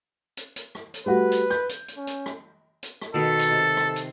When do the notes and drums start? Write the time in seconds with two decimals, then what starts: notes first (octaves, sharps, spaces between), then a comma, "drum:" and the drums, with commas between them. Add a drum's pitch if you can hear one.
0.37 drum: hi-hat
0.56 drum: hi-hat
0.75 drum: rim click
0.94 drum: hi-hat
1.06 G3 A3 F#4 B4
1.32 drum: hi-hat
1.50 G6, drum: rim click
1.69 drum: hi-hat
1.88 drum: hi-hat
1.98 C#4
2.07 drum: hi-hat
2.26 drum: rim click
2.83 drum: hi-hat
3.02 drum: rim click
3.14 B2 D#3 A4
3.39 drum: hi-hat
3.52 C3
3.77 drum: rim click
3.96 drum: hi-hat